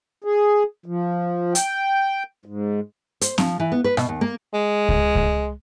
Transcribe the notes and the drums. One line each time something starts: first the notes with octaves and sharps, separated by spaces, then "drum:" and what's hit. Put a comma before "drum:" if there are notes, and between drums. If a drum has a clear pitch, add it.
G#4
F3
G5, drum: hi-hat
G#2
C5, drum: hi-hat
F3, drum: snare
E3
B3
B4
B2, drum: rim click
D#2
A#3
G#3
drum: kick C#2
drum: kick C#2